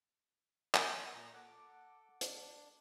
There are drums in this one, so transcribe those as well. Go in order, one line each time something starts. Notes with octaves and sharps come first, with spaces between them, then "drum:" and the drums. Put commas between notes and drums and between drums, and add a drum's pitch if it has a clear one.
drum: clap
A#2 A#5
A4 F#5 D6
D4, drum: hi-hat